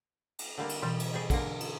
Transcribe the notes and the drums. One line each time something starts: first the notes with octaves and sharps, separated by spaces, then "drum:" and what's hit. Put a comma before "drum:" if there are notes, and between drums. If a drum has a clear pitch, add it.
drum: cymbal
D3 G3 A#3
drum: cymbal
B2 E3 G3
drum: cymbal
G3 G#4
D3 A#3, drum: kick A#1, cymbal
drum: cymbal